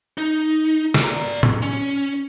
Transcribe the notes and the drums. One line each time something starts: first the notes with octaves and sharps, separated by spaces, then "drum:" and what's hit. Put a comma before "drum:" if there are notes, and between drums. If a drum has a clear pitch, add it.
D#4
drum: snare
D5 A#5
drum: tom A2
C#4